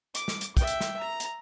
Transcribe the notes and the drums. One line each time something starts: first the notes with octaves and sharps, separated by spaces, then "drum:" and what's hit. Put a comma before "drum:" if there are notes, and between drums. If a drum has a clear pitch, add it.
D6, drum: hi-hat
drum: snare
drum: hi-hat
E5 G5, drum: kick, hi-hat
drum: hi-hat
drum: snare
A#5
drum: hi-hat